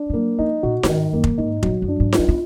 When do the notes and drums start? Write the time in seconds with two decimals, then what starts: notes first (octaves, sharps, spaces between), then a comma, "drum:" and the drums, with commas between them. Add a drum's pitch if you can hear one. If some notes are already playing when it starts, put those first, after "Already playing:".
Already playing: D4
0.10 F3
0.13 F#3 A#3
0.39 F3 D#4
0.63 A#2 F#4
0.83 A#2, drum: snare D#4
0.88 G#2 D#3
1.13 F#2 A#3
1.24 drum: kick F1
1.38 G#2 D#4
1.63 A#2 F#3, drum: kick F1
1.82 F#2
1.88 D4
2.00 G#2
2.13 F4, drum: snare D#4
2.19 F#3
2.28 B3